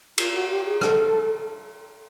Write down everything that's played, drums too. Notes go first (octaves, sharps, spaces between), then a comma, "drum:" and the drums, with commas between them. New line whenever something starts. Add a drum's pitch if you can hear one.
F4, drum: cymbal
F#4
G4
G#4
A4, drum: rim click